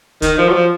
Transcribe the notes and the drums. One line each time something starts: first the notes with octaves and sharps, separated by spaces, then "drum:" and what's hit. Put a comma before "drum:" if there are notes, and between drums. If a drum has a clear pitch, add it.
D#3, drum: kick, hi-hat
F3
F#3
F3